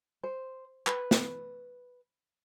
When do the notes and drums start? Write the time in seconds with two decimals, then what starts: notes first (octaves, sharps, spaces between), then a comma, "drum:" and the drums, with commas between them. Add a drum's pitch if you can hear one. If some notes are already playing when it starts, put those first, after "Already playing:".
0.23 C5
0.87 B4, drum: clap
1.11 drum: snare